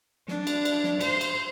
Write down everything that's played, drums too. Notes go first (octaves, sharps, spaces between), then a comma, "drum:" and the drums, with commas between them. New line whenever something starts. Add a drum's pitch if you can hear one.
D4, drum: snare
drum: cymbal
drum: cymbal
drum: snare
C5, drum: cymbal
drum: cymbal